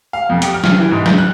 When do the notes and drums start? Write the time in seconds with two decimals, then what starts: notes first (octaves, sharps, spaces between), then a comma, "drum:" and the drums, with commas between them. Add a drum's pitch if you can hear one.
0.13 F5
0.29 F2
0.42 G4, drum: hi-hat
0.54 F6
0.64 drum: snare
0.79 E3
0.91 G#2
1.06 G6, drum: snare
1.18 F#6